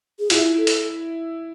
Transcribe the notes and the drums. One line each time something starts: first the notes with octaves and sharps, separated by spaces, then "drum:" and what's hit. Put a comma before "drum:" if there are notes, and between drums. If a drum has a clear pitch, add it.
G#4
E4 F4, drum: hi-hat
A4
drum: hi-hat